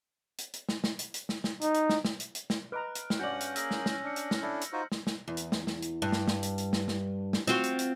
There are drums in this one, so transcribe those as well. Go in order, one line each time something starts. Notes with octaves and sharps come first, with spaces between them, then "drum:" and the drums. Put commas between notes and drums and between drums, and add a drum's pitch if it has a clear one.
drum: hi-hat
drum: hi-hat
drum: snare
drum: snare
drum: hi-hat
drum: hi-hat
drum: snare
drum: snare
D#4, drum: hi-hat
drum: hi-hat
drum: snare
drum: snare
drum: hi-hat
drum: hi-hat
drum: snare
B4 D#5 A#5 F6 F#6 D7
drum: hi-hat
drum: snare
G2 C#4 F#4 D5 F#5 G6 A#6 F#7
drum: hi-hat
A#3 G#4 A#4 E6 F6 A#6, drum: hi-hat
drum: snare
drum: snare
D4 F6 C#7
drum: hi-hat
drum: snare
D4 E4 A4
drum: hi-hat
D#4 F4 F#4 C5
drum: snare
drum: snare
E2
drum: hi-hat
drum: snare
drum: snare
drum: hi-hat
G2
drum: snare
drum: snare
drum: hi-hat
drum: hi-hat
drum: snare
drum: snare
drum: snare
C4 F4 F#4, drum: snare
drum: hi-hat
drum: hi-hat